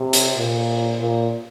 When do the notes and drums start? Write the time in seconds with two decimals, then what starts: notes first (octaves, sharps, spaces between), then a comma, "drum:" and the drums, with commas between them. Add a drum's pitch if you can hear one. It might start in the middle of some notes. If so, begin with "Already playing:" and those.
Already playing: C3
0.13 drum: hi-hat
0.37 A#2
0.99 A#2